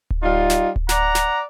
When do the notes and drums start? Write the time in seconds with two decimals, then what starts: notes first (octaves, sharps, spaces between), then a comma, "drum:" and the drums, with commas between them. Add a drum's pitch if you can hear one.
0.10 drum: kick D1
0.23 G3 D#4 F4
0.50 drum: snare
0.76 drum: kick D1
0.89 D5 F#5 A#5, drum: snare
1.15 drum: snare